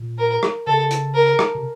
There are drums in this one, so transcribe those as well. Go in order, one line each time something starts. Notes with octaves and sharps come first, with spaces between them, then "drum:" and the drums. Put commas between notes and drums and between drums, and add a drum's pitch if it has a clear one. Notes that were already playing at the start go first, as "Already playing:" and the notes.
Already playing: A#2
A#4
drum: rim click
C#3 A4
drum: hi-hat
A#4
drum: rim click
C3